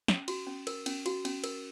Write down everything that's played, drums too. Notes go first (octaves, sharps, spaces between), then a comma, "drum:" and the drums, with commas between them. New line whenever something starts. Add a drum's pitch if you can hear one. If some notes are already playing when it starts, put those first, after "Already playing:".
C#4, drum: snare
F#4, drum: cymbal
C#4
A#4, drum: cymbal
C#4, drum: cymbal
F#4, drum: cymbal
C#4, drum: cymbal
A#4, drum: cymbal